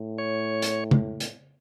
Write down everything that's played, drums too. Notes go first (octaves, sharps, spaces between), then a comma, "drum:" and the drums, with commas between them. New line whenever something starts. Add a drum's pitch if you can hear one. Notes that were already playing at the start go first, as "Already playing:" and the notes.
Already playing: A2
C#5
drum: hi-hat
drum: tom
drum: hi-hat